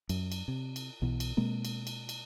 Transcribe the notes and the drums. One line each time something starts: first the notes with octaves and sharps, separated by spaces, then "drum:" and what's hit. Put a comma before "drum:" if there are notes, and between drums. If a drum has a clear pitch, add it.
F#2, drum: cymbal
drum: cymbal
C3
drum: cymbal
B1 B2 E3
drum: cymbal
B2 G#3 A#3 C4
drum: cymbal
drum: cymbal
drum: cymbal